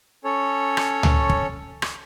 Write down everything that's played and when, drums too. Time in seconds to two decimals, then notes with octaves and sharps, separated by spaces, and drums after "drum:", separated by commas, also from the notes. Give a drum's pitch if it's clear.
0.24 C#4 A4 C#5
0.77 drum: rim click
1.03 drum: tom C#2
1.30 drum: kick
1.82 drum: rim click